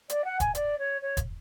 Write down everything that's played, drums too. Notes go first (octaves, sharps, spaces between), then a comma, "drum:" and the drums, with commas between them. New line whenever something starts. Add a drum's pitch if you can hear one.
D5, drum: hi-hat
F#5
G#5, drum: kick E1, hi-hat
D5, drum: hi-hat
C#5
C#5
drum: kick E1, hi-hat